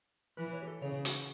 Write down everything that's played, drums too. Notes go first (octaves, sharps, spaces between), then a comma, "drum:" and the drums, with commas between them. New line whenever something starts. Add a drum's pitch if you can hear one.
E3 B4
C#5
G4
A4
C#3 C#5
F#4, drum: hi-hat